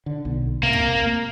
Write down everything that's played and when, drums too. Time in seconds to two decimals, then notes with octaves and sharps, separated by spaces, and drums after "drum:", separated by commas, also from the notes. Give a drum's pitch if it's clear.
0.06 D3
0.25 B1
0.63 C3 A#3
0.73 drum: kick